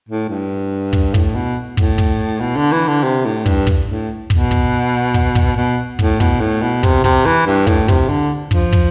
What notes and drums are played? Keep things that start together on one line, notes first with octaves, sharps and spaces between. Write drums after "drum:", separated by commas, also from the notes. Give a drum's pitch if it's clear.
A2
G2
drum: kick
A2, drum: kick
B2
A2, drum: kick
drum: kick
B2
D3
E3
D3
C3
A2
G2, drum: kick
drum: kick
A2
B2, drum: kick
drum: kick
drum: kick
drum: kick
B2
A2, drum: kick
B2, drum: kick
A2
B2
C3, drum: kick
C3, drum: kick
E3
G2
A2, drum: kick
C3, drum: kick
D3
F3, drum: kick
drum: kick